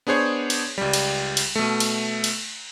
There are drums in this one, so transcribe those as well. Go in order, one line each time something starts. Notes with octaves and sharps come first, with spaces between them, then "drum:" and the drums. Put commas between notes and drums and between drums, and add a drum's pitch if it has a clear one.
B3 D4 G#4 C5 C#5
drum: cymbal
C#2 G3
drum: cymbal
drum: cymbal
B2 A3
drum: cymbal
drum: cymbal